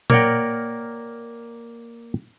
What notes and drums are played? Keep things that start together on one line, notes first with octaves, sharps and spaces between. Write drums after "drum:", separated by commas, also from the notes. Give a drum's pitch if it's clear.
A#3 A#4 C#5 D5 F#5 G5, drum: tom A#2